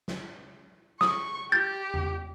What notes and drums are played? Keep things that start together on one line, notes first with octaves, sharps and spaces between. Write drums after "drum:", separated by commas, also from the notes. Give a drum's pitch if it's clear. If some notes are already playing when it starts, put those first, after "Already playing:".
drum: snare
C#6 D#6, drum: snare
G4 G6 A6
drum: tom E2